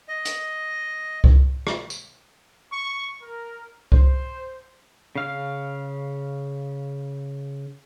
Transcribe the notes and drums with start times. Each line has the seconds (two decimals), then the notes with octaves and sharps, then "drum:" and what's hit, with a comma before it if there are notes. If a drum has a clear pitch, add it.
0.08 D#5
0.25 drum: hi-hat
1.24 drum: kick C2
1.67 drum: rim click
1.90 drum: tambourine
2.72 C#6
3.21 A#4
3.92 C5, drum: kick C2
5.16 C#3 F5 F6